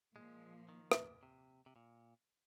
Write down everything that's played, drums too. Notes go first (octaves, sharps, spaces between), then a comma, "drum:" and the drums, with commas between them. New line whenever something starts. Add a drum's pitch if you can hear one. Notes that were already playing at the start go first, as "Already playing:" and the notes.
A#2 F3 G#3 A#3
D#3
drum: rim click
C3
C3
A#2